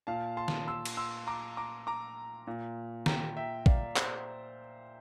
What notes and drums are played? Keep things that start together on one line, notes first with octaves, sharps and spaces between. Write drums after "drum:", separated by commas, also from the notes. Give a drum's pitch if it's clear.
A#2 F5 A5
A5 C6
drum: snare
C6 E6
drum: cymbal
C6 E6
A#5 D6
A#5 D6
A#5 D6
A#2
G5 A#5, drum: snare
E5 G5
D5 F5, drum: kick
C5, drum: clap